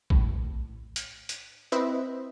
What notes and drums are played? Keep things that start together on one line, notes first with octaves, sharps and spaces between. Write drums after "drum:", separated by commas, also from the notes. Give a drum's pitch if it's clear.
A2, drum: kick A#1
drum: hi-hat
drum: hi-hat
C4 E4 B4 C5 D#5 E5